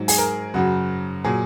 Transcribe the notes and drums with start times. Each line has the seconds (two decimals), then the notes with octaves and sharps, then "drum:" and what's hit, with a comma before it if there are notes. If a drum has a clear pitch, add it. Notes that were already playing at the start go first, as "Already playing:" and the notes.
Already playing: G#2 F#3
0.08 G#4, drum: open hi-hat
0.18 A#4
0.54 F#2 C#3 F#3 F#4
1.24 A#2 F#3 G#4